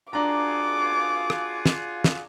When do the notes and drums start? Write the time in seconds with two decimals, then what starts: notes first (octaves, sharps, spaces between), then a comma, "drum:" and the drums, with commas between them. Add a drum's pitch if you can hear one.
0.13 D4 F4 F#4 G#4 A#5 D6
1.30 drum: rim click
1.66 drum: snare
2.04 drum: snare